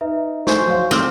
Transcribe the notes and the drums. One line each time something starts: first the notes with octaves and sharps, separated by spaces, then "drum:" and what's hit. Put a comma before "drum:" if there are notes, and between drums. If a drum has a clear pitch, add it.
D#4 B4 E5
C5 G#5 C6 C#6, drum: snare
F#3 F5
C4 D6 F6, drum: snare